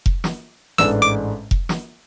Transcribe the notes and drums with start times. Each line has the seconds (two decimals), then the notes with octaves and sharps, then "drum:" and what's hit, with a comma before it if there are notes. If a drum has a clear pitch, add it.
0.06 drum: kick F1
0.24 drum: snare
0.78 A1 G#2 G#3 D4 A4 E6, drum: snare
1.02 D6
1.51 drum: kick F1
1.69 drum: snare